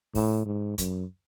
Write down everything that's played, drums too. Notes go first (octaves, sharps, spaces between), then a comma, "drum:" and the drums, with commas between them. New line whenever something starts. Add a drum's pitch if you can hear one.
A2, drum: kick, open hi-hat
G#2
F#2, drum: kick, hi-hat